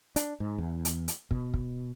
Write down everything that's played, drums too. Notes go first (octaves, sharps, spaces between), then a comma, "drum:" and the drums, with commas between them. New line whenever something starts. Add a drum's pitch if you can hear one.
D4, drum: hi-hat
G#2
E2
drum: hi-hat
drum: hi-hat
B2, drum: kick
drum: kick